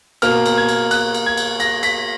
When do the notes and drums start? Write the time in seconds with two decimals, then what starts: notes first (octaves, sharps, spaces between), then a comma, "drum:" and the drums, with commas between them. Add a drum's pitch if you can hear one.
0.22 B2 A#3 F6, drum: cymbal
0.46 drum: cymbal
0.57 G#6
0.69 drum: cymbal
0.91 F#6, drum: cymbal
1.15 drum: cymbal
1.26 G#6
1.37 drum: cymbal
1.60 A#6, drum: cymbal
1.83 B6, drum: cymbal